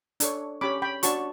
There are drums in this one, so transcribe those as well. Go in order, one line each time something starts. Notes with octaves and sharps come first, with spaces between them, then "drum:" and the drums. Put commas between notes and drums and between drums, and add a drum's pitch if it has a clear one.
D4 A4 C#5, drum: hi-hat
C#4 G4 C#5 B5 D6
G5 B5
D4 F#4 C#5 A5 C#6, drum: hi-hat